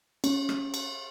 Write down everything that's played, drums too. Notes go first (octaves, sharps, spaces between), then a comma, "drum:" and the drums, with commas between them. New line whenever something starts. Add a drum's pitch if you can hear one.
C#4, drum: cymbal
drum: rim click
drum: cymbal